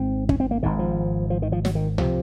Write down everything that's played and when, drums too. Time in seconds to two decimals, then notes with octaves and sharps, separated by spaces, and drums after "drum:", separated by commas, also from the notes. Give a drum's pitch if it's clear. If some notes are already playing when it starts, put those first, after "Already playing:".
Already playing: G#1 G#2 C4
0.29 C#4, drum: kick
0.40 C4
0.51 A#3
0.63 G#1 G#2 D#3
0.79 F3
1.30 F3
1.42 D#3
1.52 F3
1.65 F#3, drum: snare
1.75 D#3
1.98 C3 F3, drum: tom